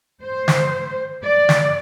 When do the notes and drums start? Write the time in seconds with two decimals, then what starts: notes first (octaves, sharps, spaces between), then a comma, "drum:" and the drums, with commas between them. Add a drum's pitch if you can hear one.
0.22 C5
0.48 drum: snare
1.23 D5
1.49 drum: snare